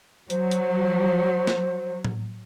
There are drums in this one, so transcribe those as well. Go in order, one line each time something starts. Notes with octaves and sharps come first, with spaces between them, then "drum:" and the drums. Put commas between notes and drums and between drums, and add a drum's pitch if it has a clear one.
F#3 C5, drum: hi-hat
drum: hi-hat
drum: snare
drum: tom A2